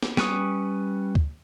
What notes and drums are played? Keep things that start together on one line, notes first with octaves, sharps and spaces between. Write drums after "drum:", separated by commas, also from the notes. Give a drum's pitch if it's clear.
drum: snare
G3 C#4 B4 C#6 D#6, drum: snare
drum: kick D2